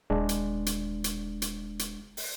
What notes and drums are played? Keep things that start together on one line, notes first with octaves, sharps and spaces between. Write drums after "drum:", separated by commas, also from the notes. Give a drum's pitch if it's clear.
D#1 G#3 D4
drum: hi-hat
drum: hi-hat
drum: hi-hat
drum: hi-hat
drum: hi-hat
drum: open hi-hat